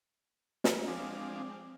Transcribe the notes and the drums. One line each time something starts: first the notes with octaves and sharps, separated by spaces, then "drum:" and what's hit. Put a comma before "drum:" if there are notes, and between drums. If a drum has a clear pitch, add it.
drum: snare
F3 G#3 C4 D4